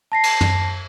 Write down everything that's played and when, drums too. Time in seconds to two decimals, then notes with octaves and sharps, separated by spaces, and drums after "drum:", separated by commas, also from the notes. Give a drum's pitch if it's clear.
0.12 A5 A#6 C7
0.23 drum: cymbal
0.41 drum: tom